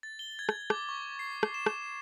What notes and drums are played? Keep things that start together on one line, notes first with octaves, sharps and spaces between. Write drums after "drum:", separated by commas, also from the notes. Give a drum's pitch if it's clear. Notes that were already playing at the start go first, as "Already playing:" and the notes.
A6
G7
G#6
drum: rim click
D6, drum: rim click
C#6
C7
drum: rim click
E7
drum: rim click